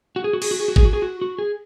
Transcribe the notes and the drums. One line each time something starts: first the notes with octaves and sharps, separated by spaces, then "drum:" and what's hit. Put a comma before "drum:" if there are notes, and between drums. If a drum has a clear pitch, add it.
F#4
G#4
F#4
G#4, drum: cymbal
F#4
G#4
F#4
G#4, drum: kick
F#4
G#4
F#4
F#4
G#4